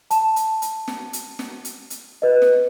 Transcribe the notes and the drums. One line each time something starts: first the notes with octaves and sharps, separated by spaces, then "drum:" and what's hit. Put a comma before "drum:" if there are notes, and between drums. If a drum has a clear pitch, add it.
A5, drum: hi-hat
drum: hi-hat
drum: hi-hat
drum: snare
drum: hi-hat
drum: snare
drum: hi-hat
drum: hi-hat
B4 D#5
drum: snare